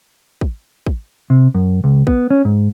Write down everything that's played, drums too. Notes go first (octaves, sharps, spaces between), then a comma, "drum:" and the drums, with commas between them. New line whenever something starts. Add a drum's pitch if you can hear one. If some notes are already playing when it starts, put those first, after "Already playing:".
drum: kick
drum: kick
C3
F#2
C#2
B3, drum: kick
C#4
G#2